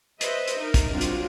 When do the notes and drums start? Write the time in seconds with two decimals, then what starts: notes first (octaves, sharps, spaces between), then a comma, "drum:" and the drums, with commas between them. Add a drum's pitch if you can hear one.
0.21 B4 C5 D#5 E5, drum: hi-hat
0.48 drum: hi-hat
0.59 D#4 A#4
0.74 drum: kick, hi-hat
0.91 F#3 G3 C4 D4 F4 F#4
1.01 drum: hi-hat